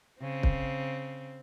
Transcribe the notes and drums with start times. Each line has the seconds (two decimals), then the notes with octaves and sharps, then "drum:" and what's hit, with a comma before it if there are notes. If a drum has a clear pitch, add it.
0.21 C#3 C4
0.43 drum: kick